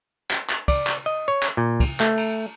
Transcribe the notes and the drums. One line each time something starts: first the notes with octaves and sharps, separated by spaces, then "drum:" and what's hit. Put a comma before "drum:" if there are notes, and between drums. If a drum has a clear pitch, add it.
drum: clap
drum: clap
D5, drum: kick, cymbal
drum: clap
D#5
C#5
drum: clap
A#2
drum: kick, cymbal
A3, drum: clap
drum: cymbal